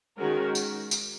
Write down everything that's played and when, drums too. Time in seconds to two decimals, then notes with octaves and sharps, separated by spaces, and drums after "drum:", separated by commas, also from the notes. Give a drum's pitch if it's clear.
0.18 D#3 G#3 C#4 F#4 A#4
0.55 drum: tambourine
0.91 drum: tambourine